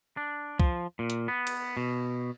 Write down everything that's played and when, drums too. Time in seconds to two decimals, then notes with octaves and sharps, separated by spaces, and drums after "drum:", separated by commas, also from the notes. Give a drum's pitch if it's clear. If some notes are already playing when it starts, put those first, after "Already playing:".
0.17 D4
0.60 F3, drum: kick C2
0.99 A#2
1.10 drum: hi-hat
1.28 B3
1.47 drum: cymbal
1.77 B2